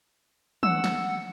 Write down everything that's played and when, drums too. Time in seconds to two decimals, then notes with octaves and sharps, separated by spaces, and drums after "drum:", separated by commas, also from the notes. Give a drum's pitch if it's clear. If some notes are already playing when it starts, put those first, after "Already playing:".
0.63 F#5 E6, drum: tom
0.84 drum: snare